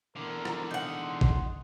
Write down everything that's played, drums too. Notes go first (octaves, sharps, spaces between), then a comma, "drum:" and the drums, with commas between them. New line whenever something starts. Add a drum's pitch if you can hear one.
E2 D3 A#4
drum: rim click
D#4 F#5
C6
drum: kick